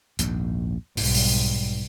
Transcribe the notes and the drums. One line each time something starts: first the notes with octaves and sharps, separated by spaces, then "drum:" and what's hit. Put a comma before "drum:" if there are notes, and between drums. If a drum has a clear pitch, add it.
A#1 D#2 G#2, drum: hi-hat
B1 G#2 G3, drum: open hi-hat
drum: open hi-hat